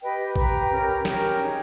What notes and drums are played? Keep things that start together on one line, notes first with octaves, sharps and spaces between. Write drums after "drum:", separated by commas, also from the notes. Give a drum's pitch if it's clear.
G4 B4 D#5 G5
G4 B4 G5 A#5, drum: kick A1
C#4 G4 A#4
C#4 G4 A#4 G5 A#5, drum: snare
D#4 G#4 C#5